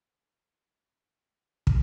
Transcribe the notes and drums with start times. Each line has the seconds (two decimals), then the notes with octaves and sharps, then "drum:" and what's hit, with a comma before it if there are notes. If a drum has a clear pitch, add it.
0.18 D3 A3 F4 A4
0.68 C3 F3 A3
1.17 A#2 F3 A#3 F4 A4
1.67 drum: kick